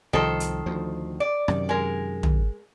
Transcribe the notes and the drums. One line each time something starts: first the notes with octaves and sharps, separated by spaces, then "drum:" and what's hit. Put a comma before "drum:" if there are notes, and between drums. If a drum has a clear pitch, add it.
C2 D#3 F3 A4 C5
drum: hi-hat
D2 F3
D5
F#2 C3 D#3, drum: rim click
G#3 A#4
drum: tom